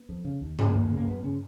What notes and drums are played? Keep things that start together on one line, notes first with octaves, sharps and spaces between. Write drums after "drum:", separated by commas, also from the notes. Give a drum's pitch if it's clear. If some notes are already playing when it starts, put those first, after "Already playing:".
Already playing: B3
F2
C#3
D#2
C#3, drum: tom G2
D#2 A#3
A#3
C#3
A#3
F#2 B3
C#3 C#4